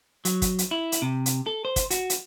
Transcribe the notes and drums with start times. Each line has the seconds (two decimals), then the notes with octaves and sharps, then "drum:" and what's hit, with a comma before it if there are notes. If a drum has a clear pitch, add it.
0.25 F#3, drum: hi-hat
0.42 drum: kick, hi-hat
0.59 drum: hi-hat
0.71 E4
0.92 drum: hi-hat
1.02 C3
1.26 drum: hi-hat
1.46 A4
1.65 C5
1.76 drum: kick, hi-hat
1.91 F#4, drum: hi-hat
2.10 drum: hi-hat